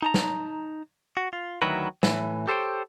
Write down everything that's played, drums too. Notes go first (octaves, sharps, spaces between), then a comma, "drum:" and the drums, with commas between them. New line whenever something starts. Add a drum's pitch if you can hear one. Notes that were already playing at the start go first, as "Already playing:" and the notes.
D#4 A5 A#5
drum: snare
F#4
F4
D2 D#3 F#3 E4 F#4 B4
A2 E3, drum: snare
G4 A4 C5 C#5 G5